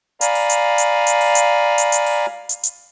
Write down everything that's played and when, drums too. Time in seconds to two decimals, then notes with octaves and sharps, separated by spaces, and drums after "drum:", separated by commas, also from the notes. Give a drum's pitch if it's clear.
0.21 D5 F5 G#5 A#5 B5, drum: hi-hat
0.35 drum: open hi-hat
0.49 drum: hi-hat
0.78 drum: hi-hat
1.07 drum: hi-hat
1.21 drum: open hi-hat
1.35 drum: hi-hat
1.78 drum: hi-hat
1.92 drum: hi-hat
2.06 drum: open hi-hat
2.49 drum: hi-hat
2.63 drum: hi-hat